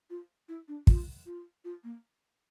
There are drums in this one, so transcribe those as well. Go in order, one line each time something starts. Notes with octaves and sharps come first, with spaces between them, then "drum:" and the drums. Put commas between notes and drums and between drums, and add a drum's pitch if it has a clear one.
F4
E4
D4
F4, drum: kick
F4
F4
A#3